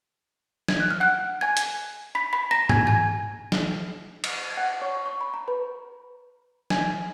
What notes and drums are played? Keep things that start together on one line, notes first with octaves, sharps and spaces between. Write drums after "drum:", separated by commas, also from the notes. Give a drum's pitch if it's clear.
G#6, drum: snare
F#6
F6
F#5 F#6
G#5 G#6
drum: hi-hat
B5 B6
B5 B6
A#5 A#6
G#5 G#6, drum: tom G#2
G#5 G#6
drum: snare
drum: cymbal
G#6
F#5 F#6
C#5 C#6
C#6
B5
A#5
B4 B5
G#5 G#6, drum: snare